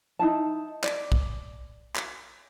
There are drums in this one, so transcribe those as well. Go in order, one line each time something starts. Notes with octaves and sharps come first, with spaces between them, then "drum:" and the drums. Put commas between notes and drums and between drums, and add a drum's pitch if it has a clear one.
D#4 E4 A5
D5, drum: clap
drum: kick
drum: clap